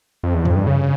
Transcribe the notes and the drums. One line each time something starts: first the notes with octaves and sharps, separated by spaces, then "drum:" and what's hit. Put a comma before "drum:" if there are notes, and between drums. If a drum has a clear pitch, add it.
F2
E2
F2, drum: tom F#2
G2
C#3